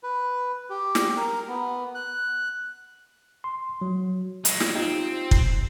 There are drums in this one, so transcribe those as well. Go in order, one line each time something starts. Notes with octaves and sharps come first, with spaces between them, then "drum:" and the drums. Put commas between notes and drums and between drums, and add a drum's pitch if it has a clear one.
B4
G4
drum: snare
A#4
B3
F#6
C6
F#3
F#3 G#3, drum: hi-hat
drum: snare
C4 D#4 F4 G4
drum: kick